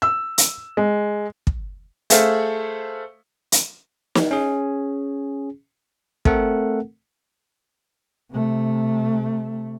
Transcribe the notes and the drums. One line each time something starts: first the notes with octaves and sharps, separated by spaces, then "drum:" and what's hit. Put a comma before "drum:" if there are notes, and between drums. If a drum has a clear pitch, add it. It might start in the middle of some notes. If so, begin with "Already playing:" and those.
E6
drum: hi-hat
G#3
drum: kick
A3 G#4 A4 C5 E5 F5, drum: hi-hat
drum: hi-hat
drum: snare
C#4 G#4
A3 C4 A4 A#4 F#5, drum: kick
C3 A3